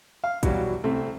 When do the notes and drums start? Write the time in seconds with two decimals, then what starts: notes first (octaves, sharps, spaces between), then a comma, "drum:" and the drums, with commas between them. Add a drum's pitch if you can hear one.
0.24 F5
0.43 B2 E3 F#3 G3, drum: kick A#1, hi-hat
0.84 C2 A3 C4